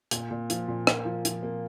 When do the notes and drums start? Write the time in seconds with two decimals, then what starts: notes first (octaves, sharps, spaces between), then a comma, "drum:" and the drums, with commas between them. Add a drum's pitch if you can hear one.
0.11 A#2, drum: hi-hat
0.31 A#2
0.50 F3, drum: hi-hat
0.68 A#2
0.87 A#3, drum: rim click
1.05 F3
1.25 F3, drum: hi-hat
1.43 A#3